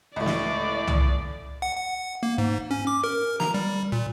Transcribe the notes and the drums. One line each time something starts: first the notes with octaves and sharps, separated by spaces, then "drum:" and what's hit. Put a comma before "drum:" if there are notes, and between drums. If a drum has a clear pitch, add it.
C#2 A2 D5
drum: snare
drum: tom
F#5
F#5
A#3
G#2
C#4
D6
A#4
A#5, drum: snare
G3
A#2